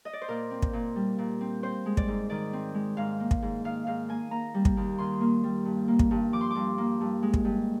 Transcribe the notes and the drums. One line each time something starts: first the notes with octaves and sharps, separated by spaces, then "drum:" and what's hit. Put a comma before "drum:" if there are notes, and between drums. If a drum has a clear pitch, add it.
D#5
D5
C5
A#2 A#4
C4
drum: kick
A#2
G3
A#2
C4
C4 C5
G#3
D5, drum: kick
G#2
D#3 D5
C4
G#3
G#2 F5
A#3
drum: kick
G#2
D#3 F5
G#2 F5
A#3 G#5
A#3 A#5
G3
drum: kick
D#2
D#3 C6
A#3
G3
G2
A#3
drum: kick
G2
F3 D6
C6
G2 D6
A#3
G2
G#3
drum: kick
G2